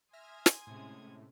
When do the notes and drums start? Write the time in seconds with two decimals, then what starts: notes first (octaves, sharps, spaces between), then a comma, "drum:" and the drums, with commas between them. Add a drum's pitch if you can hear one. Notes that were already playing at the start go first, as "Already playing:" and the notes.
0.13 E5 G#5 C6 D#6 F6 G#6 A#6
0.46 drum: snare
0.67 A2 C3 G#3 C#4